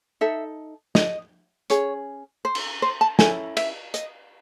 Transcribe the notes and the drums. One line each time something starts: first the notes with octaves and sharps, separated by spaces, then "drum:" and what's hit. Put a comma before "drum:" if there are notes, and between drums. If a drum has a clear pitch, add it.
D#4 A4 E5
D#5, drum: snare
C#4 G#4 C#5, drum: hi-hat
C5
drum: cymbal
C5
A5
C#4 E4 A4 G#5, drum: snare
E5, drum: cymbal
D#5, drum: hi-hat